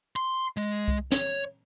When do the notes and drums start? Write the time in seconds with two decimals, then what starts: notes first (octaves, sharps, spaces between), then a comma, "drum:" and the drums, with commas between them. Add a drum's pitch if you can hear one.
0.16 C6
0.57 G#3
0.88 drum: kick C2
1.12 C#5, drum: snare